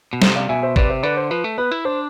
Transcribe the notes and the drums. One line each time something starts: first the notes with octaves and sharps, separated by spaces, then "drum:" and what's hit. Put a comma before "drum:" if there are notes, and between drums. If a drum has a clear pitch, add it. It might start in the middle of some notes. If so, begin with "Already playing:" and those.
B2
C3 C5, drum: snare
D5 F5
B2 E5 G#5
C5 E5
C3 B4 D5, drum: kick
C5 E5
D3 B4 D5
C5
F3 B4
A3
B3 B4
E4
D4 C5